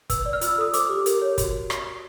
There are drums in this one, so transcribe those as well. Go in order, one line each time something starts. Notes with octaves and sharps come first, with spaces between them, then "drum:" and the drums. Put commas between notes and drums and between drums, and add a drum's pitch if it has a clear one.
B4 E6, drum: kick, hi-hat
D5
F6
F4, drum: hi-hat
E6
A4 D#6
C5 D6, drum: hi-hat
G4
A#4, drum: hi-hat
C#5
F#4, drum: kick, hi-hat
drum: rim click